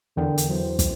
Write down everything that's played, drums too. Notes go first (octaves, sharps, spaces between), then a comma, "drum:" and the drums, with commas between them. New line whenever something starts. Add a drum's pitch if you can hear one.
E2 D3 A#4 G5
drum: hi-hat
E3 F#3 C5
drum: kick, hi-hat